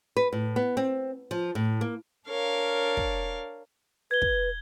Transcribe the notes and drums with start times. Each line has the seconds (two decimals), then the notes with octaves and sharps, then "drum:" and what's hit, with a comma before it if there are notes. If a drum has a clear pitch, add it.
0.17 B4
0.33 A2
0.56 B3
0.77 C4
1.31 F3
1.55 A2
1.81 A#3
2.27 D4 A#4 C#5 F5
2.97 drum: kick
4.11 B4 G#6 G7
4.22 drum: kick